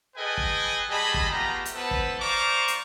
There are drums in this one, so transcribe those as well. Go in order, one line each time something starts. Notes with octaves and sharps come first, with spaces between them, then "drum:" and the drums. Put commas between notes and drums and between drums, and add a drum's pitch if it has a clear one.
G#4 A4 B4 D#5 G5 G#5
drum: kick
G3 G#3 G#4 D#5 A5 B5
drum: kick
A3 B3 F4 G4 A#5
drum: hi-hat
B3 E4 A4 B4 C5 A5
drum: kick
C5 D5 F5 A#5 C#6 D6
drum: hi-hat